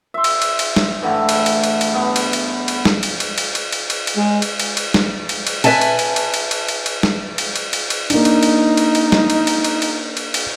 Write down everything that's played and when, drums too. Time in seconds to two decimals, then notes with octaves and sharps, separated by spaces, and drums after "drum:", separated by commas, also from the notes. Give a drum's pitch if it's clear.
0.14 E5 C6
0.24 drum: cymbal
0.42 drum: cymbal
0.59 drum: cymbal
0.76 drum: snare
1.02 A2 D3 E3
1.29 drum: cymbal
1.46 drum: cymbal
1.64 drum: cymbal
1.81 drum: cymbal
1.93 G2 B3
2.16 drum: cymbal
2.33 drum: cymbal
2.68 drum: cymbal
2.85 drum: snare
3.03 drum: cymbal
3.20 drum: cymbal
3.38 drum: cymbal
3.55 drum: cymbal
3.72 drum: cymbal
3.90 drum: cymbal
4.07 drum: cymbal
4.17 G#3
4.42 drum: cymbal
4.60 drum: cymbal
4.77 drum: cymbal
4.94 drum: snare
5.29 drum: cymbal
5.47 drum: cymbal
5.64 B4 D5 E5 G#5 A5, drum: cymbal
5.81 drum: cymbal
5.99 drum: cymbal
6.16 drum: cymbal
6.34 drum: cymbal
6.51 drum: cymbal
6.68 drum: cymbal
6.86 drum: cymbal
7.03 drum: snare
7.38 drum: cymbal
7.56 drum: cymbal
7.73 drum: cymbal
7.90 drum: cymbal
8.10 A#3 D4 D#4, drum: cymbal
8.25 drum: cymbal
8.43 drum: cymbal
8.77 drum: cymbal
8.95 drum: cymbal
9.12 drum: snare
9.30 drum: cymbal
9.47 drum: cymbal
9.64 drum: cymbal
9.82 drum: cymbal
10.17 drum: cymbal
10.34 drum: cymbal